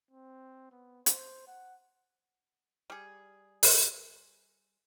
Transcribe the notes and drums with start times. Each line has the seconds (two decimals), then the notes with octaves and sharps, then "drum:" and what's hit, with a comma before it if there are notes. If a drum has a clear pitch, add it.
0.11 C4
0.71 B3
1.06 C5, drum: hi-hat
1.47 F#5
2.90 G3 G#4
3.63 drum: open hi-hat